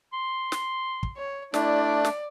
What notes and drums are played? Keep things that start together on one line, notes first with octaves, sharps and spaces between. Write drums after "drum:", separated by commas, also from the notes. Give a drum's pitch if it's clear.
C6
drum: snare
drum: kick
C#5
A3 D4 E4 D5, drum: snare
drum: snare